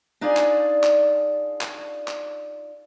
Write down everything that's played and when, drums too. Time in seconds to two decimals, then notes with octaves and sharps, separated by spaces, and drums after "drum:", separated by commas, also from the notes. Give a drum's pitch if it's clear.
0.21 D4 D#4 F4 G#4 D5 G#5
0.37 drum: clap
0.83 drum: clap
1.61 drum: clap
2.08 drum: clap